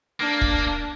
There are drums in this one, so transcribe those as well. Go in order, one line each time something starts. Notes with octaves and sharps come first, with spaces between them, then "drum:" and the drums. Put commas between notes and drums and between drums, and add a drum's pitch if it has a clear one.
A#3 D4
drum: kick